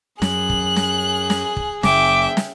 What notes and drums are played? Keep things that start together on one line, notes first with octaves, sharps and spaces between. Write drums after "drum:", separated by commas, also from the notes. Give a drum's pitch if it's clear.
F#2 G#4 F#6, drum: snare
drum: kick
drum: snare
drum: snare
drum: kick
F#1 C#3 E5 G5 D6, drum: snare
drum: snare